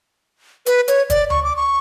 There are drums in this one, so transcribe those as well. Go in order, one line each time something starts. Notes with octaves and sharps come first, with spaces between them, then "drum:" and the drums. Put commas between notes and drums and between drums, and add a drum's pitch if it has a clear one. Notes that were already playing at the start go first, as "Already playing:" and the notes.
B4, drum: hi-hat
C#5, drum: hi-hat
D5, drum: kick, hi-hat
C#6, drum: tom D2
D6
C#6